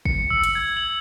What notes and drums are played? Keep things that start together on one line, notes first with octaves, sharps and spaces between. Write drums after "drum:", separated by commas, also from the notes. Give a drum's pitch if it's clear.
C#7, drum: kick
E6
drum: hi-hat
G#6
F#7